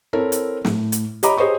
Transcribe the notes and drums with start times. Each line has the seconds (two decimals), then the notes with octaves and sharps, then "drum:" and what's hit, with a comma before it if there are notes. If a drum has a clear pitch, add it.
0.13 C4 E4 A4 A#4 C#5
0.32 drum: hi-hat
0.65 A2, drum: snare
0.92 drum: hi-hat
1.23 G4 C#5 D#5 A#5 B5 D6, drum: hi-hat
1.37 G4 G#4 C5 C#5 D#5 C#6